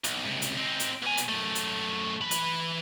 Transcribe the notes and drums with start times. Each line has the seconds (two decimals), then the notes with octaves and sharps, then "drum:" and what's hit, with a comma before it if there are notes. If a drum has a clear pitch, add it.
0.04 B1, drum: hi-hat
0.25 C#2 C3
0.42 drum: hi-hat
0.57 C4 D#4
0.80 drum: hi-hat
1.03 B2 G#5
1.17 drum: hi-hat
1.29 F#2 A3
1.55 drum: hi-hat
2.21 E3 B5
2.31 drum: hi-hat